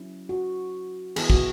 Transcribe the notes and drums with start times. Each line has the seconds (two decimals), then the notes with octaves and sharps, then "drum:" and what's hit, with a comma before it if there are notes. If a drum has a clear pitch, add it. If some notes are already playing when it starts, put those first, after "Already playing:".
Already playing: F#3 C#4 E4
0.29 F#4
1.16 E3 B3 E4 G#4, drum: cymbal
1.30 F#4, drum: kick